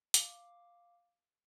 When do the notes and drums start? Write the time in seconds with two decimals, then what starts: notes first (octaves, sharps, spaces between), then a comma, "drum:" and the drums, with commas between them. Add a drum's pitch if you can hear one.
0.14 F5 D6, drum: hi-hat